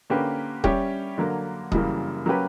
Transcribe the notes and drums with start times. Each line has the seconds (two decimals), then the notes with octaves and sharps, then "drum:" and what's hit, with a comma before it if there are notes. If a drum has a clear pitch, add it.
0.10 D3 A#3 C#4 G4 B4
0.64 G3 C#4 G4 C#5 E5, drum: kick D#1
1.18 D3 F#3 A#3
1.72 F#2 C#3 E3 G3 A#3, drum: kick D#1
2.26 F#3 A#3 C#4 G4 B4